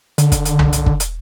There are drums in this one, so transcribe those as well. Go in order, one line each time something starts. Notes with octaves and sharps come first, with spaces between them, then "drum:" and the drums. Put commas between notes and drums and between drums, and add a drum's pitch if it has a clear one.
D3, drum: hi-hat
drum: kick, hi-hat
drum: hi-hat
drum: tom C2
drum: hi-hat
drum: kick
drum: hi-hat